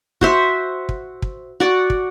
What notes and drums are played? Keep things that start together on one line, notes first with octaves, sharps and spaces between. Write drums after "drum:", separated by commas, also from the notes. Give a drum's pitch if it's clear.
F#4 C5 E5, drum: kick
drum: kick
drum: kick
F#4 D5
drum: kick